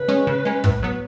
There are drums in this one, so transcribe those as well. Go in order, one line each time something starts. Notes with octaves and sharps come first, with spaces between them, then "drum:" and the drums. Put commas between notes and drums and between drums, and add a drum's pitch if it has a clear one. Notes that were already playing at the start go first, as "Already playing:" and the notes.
Already playing: C#3 B4
G#3 C#4
C#3
G#3 C#4
A2, drum: kick
F#3 B3